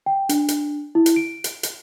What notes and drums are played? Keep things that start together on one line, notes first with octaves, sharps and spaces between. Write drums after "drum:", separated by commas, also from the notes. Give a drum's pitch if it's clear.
G5
D4, drum: hi-hat
drum: hi-hat
E4
drum: hi-hat
D7
drum: hi-hat
drum: hi-hat